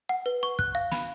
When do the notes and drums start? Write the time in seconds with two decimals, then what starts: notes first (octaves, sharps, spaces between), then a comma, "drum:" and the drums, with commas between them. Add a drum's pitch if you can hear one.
0.09 F#5
0.26 B4
0.43 C#6
0.59 F#6, drum: kick
0.75 F5
0.92 B5, drum: snare